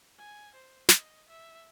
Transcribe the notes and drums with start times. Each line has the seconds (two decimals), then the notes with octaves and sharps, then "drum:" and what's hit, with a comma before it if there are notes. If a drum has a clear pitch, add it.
0.18 G#5
0.55 C5
0.89 D#5, drum: snare
1.29 E5